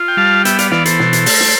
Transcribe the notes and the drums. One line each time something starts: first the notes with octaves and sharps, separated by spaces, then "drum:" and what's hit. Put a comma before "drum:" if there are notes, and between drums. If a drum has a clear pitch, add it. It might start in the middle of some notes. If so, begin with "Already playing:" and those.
Already playing: F4
G5
G3 F5 A5
B3 E5 G5, drum: hi-hat
D5 F5, drum: hi-hat
E3 D5 F5, drum: snare
A4 C5, drum: hi-hat
B2, drum: snare
drum: hi-hat
A3, drum: open hi-hat
drum: snare